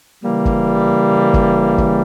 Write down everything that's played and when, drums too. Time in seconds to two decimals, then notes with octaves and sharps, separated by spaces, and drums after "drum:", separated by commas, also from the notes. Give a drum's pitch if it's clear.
0.23 C#3 E3 G3 A#3
0.45 drum: kick
1.34 drum: kick
1.78 drum: kick